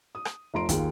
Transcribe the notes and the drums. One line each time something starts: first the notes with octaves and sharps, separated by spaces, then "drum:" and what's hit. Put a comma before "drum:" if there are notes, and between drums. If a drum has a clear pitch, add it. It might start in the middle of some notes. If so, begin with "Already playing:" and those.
D#6
drum: rim click
F1 F4 A#5 C6 D7
D#2 F4 G#4, drum: kick, hi-hat